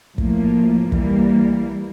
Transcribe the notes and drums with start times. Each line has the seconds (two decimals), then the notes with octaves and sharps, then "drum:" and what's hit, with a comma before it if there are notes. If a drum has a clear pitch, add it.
0.18 A2 F3 A#3, drum: kick
0.92 E3 G3 A#3, drum: kick